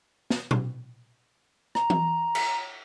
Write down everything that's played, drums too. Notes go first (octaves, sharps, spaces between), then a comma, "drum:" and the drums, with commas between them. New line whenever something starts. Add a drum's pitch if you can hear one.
drum: snare
drum: tom A#2
A#5, drum: rim click
drum: tom E3
drum: cymbal